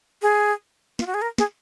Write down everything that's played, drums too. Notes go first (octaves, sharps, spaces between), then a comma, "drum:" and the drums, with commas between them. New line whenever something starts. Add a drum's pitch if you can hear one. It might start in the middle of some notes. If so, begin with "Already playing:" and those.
G#4
F4, drum: snare
F#4
G#4
A#4
G#4, drum: snare